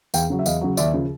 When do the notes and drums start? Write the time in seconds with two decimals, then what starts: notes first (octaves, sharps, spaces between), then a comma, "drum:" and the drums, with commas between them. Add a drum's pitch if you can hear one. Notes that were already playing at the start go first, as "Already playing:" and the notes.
0.14 E2 F5 G5, drum: tambourine
0.30 C#3 F#3
0.39 E5
0.46 E2 D#5 F5, drum: tambourine
0.61 C#3 F#3
0.77 D#2 D5 E5, drum: tambourine
0.94 C#3 F3